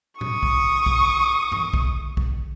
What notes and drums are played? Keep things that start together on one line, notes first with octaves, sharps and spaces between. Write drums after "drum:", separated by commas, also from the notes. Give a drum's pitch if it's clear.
C#6 D#6, drum: tom
drum: kick B1
drum: kick B1
drum: tom F#2
drum: kick B1
drum: kick B1